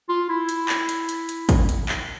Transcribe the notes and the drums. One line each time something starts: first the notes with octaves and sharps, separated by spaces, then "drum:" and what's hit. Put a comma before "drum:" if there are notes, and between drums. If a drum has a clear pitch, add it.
F4
E4
drum: hi-hat
drum: clap
drum: hi-hat
drum: hi-hat
drum: hi-hat
drum: kick, hi-hat
drum: hi-hat
drum: clap